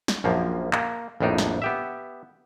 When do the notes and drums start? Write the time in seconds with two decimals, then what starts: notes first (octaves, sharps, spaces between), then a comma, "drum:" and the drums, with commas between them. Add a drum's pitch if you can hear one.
0.08 drum: snare
0.24 A#1 F#2 F3 A#3
0.73 A#3, drum: clap
1.21 A#1 F2 A2 D4 D#4
1.38 drum: snare
1.62 B3 G4 E5